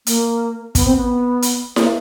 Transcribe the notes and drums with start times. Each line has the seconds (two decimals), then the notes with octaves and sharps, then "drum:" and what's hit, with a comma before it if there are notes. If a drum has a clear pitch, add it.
0.07 A#3, drum: hi-hat
0.75 B3, drum: kick, hi-hat
0.85 C4
0.97 B3
1.42 drum: hi-hat
1.76 A#3, drum: snare E4